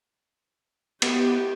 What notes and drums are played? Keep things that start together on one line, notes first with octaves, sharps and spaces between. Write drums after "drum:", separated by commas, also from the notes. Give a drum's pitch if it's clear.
B3 G4, drum: cymbal